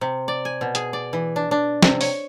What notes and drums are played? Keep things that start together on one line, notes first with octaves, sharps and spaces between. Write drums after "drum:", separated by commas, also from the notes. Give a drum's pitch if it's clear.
C3
D5
G#5
B2
G#4, drum: hi-hat
D5
E3
D4
D4
C3, drum: snare
C#5, drum: open hi-hat